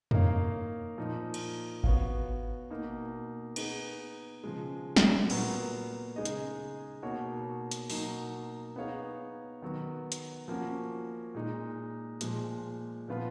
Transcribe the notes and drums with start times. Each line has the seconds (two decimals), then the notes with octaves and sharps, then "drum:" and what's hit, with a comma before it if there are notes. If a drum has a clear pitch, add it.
0.11 A#3 D#4 A#4 C#5 F5, drum: tom
0.97 A#2 F3 A#3 D#4
1.34 drum: cymbal
1.84 B3 F#4 C#5 F5, drum: kick G#1
2.71 B2 A#3 D#4
3.56 B3 D#4 G#4, drum: cymbal
4.44 C#3 F3 G#3
4.96 drum: snare
5.30 A#2 F#3 B3 F#4 A#4, drum: cymbal
6.16 C#3 G#3 D#4 G#4 D#5
6.25 drum: hi-hat
7.03 B2 A#3 D#4 F#4 C#5
7.71 drum: hi-hat
7.90 B2 F#3 A#3 D#4, drum: open hi-hat
8.76 B3 D#4 G#4 C#5 F5
9.62 D#3 F#3 B3
10.12 drum: hi-hat
10.48 F3 A#3 C#4 F#4
11.34 A#2 G#3 D#4
12.21 A#2 F3 G#3, drum: hi-hat
13.08 A#2 F3 B3 F4 B4